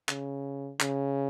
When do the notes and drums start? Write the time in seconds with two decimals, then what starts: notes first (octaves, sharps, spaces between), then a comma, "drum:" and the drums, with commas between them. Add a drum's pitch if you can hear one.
0.09 C#3, drum: clap
0.80 C#3, drum: clap